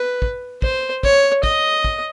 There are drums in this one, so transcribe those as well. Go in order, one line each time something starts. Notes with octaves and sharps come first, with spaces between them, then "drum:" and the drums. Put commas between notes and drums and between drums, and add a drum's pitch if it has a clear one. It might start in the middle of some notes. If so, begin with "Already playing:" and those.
Already playing: B4
drum: kick
C5, drum: kick
C#5, drum: kick
D#5, drum: kick
drum: kick